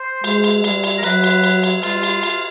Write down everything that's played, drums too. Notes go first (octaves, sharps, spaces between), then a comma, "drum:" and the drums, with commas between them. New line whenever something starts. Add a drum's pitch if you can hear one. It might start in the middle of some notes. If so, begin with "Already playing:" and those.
Already playing: C5
G#3, drum: cymbal
drum: cymbal
G3, drum: cymbal
drum: cymbal
A#4
F#3 B4, drum: cymbal
drum: cymbal
drum: cymbal
drum: cymbal
G3 F4, drum: cymbal
drum: cymbal
drum: cymbal